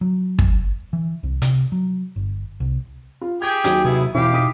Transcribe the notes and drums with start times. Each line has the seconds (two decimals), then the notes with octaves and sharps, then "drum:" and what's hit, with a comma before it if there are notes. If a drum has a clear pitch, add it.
0.01 F#3
0.39 drum: kick
0.93 E3
1.23 C2
1.42 C3, drum: hi-hat
1.72 F#3
2.16 G1
2.60 C2
3.21 F4
3.42 G4 G#4 G5 G#6
3.64 D#2 D#3 F#3, drum: hi-hat
3.85 C3 B3 E4 G#4
4.15 E2 B2 E4 G4 E5 F5 D6
4.33 D#4 D#6 B6